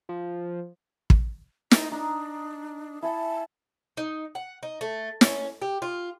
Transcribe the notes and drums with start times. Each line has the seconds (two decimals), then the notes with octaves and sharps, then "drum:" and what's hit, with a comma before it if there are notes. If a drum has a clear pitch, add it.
0.09 F3
1.10 drum: kick
1.71 D#4, drum: snare
1.91 D4 D#4 D#5
3.02 E4 G#5 A5
3.97 D#4
4.35 F#5
4.63 D#4
4.81 A3
5.21 C#4, drum: snare
5.62 G4
5.82 F4